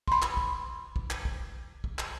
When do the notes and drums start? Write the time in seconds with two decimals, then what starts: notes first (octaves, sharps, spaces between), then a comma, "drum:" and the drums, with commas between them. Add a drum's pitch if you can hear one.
0.08 B5 C6, drum: kick
0.22 drum: clap
0.37 drum: kick
0.96 drum: kick
1.10 drum: clap
1.25 drum: kick
1.84 drum: kick
1.99 drum: clap